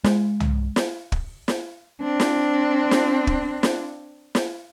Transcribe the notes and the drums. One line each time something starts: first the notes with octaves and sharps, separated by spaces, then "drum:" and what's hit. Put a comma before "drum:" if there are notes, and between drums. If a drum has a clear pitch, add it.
G#3, drum: snare
drum: tom
drum: snare
drum: kick
drum: snare
C4 D4
drum: snare
drum: snare
drum: kick
drum: snare
drum: snare